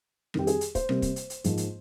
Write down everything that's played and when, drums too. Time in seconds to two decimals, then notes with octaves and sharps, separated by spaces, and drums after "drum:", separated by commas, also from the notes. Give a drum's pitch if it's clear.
0.34 F2 D#3 G3 G4, drum: rim click
0.47 G#4, drum: hi-hat
0.61 drum: hi-hat
0.75 C5, drum: kick, hi-hat
0.89 C3 G3 A#3, drum: rim click
1.02 drum: kick, hi-hat
1.16 drum: hi-hat
1.30 drum: hi-hat
1.44 G#2 F3 A#3, drum: hi-hat
1.57 drum: hi-hat